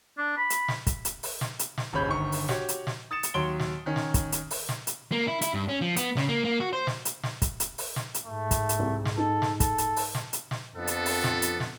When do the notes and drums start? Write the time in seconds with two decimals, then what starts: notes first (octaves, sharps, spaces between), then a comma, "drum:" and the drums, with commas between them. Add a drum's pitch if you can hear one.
0.18 D4
0.37 B5
0.50 drum: hi-hat
0.68 drum: snare
0.87 drum: kick, hi-hat
1.05 drum: hi-hat
1.23 drum: open hi-hat
1.41 drum: snare
1.59 drum: hi-hat
1.78 drum: snare
1.93 D#1 G#1 C#3 C#5 B5 G6
2.08 G1 D#3 C#6
2.32 drum: open hi-hat
2.49 F#4 G4 C#5, drum: snare
2.69 drum: hi-hat
2.87 drum: snare
3.11 D#6 A6 C#7 E7
3.23 drum: hi-hat
3.34 D#2 F#3 C#5 C6 D7 G7
3.60 drum: snare
3.86 D#3 C#4
3.96 drum: snare
4.14 drum: kick, hi-hat
4.32 drum: hi-hat
4.51 drum: open hi-hat
4.69 drum: snare
4.87 drum: hi-hat
5.12 A#3
5.27 E4
5.41 E4, drum: hi-hat
5.54 G2
5.69 C#4
5.81 F3
5.96 B3, drum: hi-hat
6.17 C#3, drum: snare
6.28 A#3
6.44 A#3
6.60 F#4
6.73 C5
6.87 drum: snare
7.05 drum: hi-hat
7.23 drum: snare
7.42 drum: kick, hi-hat
7.60 drum: hi-hat
7.78 drum: open hi-hat
7.96 drum: snare
8.14 drum: hi-hat
8.26 G#2 A3
8.51 drum: kick, hi-hat
8.69 drum: hi-hat
8.79 C2
9.05 drum: snare
9.18 D#4 A4
9.42 drum: snare
9.60 A4, drum: kick, hi-hat
9.78 drum: hi-hat
9.96 drum: open hi-hat
10.15 drum: snare
10.33 drum: hi-hat
10.51 drum: snare
10.75 F2 B3 D4 A4
10.87 drum: hi-hat
11.06 drum: open hi-hat
11.24 drum: snare
11.42 drum: hi-hat
11.60 drum: snare